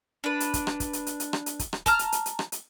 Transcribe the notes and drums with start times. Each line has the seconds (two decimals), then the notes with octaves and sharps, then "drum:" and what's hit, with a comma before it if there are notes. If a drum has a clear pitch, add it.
0.24 D4 B4
0.40 drum: hi-hat
0.54 drum: kick, hi-hat
0.67 drum: rim click
0.80 drum: kick, hi-hat
0.93 drum: hi-hat
1.07 drum: hi-hat
1.20 drum: hi-hat
1.33 drum: rim click
1.46 drum: hi-hat
1.59 drum: kick, hi-hat
1.73 drum: rim click
1.86 A5 A#5 F6, drum: kick, hi-hat
1.99 drum: hi-hat
2.12 drum: hi-hat
2.26 drum: hi-hat
2.39 drum: rim click
2.52 drum: hi-hat